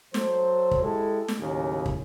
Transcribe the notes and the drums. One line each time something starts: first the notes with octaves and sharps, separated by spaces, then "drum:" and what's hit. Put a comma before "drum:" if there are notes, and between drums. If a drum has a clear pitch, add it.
F#3 A4 C5, drum: snare
drum: kick
G#3 E4 G4 A4
drum: snare
D#2 A2 C#3 F#3 C#4
drum: kick